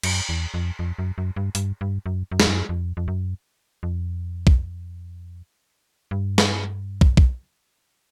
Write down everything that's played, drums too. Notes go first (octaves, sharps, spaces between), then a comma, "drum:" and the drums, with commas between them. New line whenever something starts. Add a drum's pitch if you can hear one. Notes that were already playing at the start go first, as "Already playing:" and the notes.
F#2, drum: cymbal
E2
F2
F2
F#2
F#2
G2
G2, drum: hi-hat
G2
F#2
F#2
F2, drum: snare
F#2
F2
F2
F#2
F2
drum: kick
G2
drum: snare
drum: kick
drum: kick